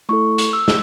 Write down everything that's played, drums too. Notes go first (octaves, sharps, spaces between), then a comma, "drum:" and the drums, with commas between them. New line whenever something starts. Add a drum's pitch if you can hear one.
A3 E4 A4 C#6
drum: hi-hat
E6
drum: snare